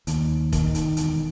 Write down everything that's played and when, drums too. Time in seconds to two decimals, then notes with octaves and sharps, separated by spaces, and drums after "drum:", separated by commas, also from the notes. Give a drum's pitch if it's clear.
0.07 D#2, drum: hi-hat
0.53 D#3, drum: kick F1, hi-hat
0.75 drum: hi-hat
0.97 E1, drum: hi-hat